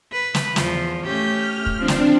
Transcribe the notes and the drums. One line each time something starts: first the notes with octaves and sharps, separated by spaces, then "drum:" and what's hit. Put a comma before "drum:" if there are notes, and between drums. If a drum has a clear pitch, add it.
B4
drum: snare
E2 F3, drum: snare
A3 C#4 G4 G6
F6
drum: kick
F3 C4 D4
drum: snare